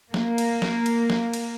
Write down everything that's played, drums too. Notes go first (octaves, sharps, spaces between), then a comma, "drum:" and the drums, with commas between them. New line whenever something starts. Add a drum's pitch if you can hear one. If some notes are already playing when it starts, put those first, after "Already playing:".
A#3, drum: snare
drum: cymbal
drum: snare
drum: cymbal
drum: snare
drum: cymbal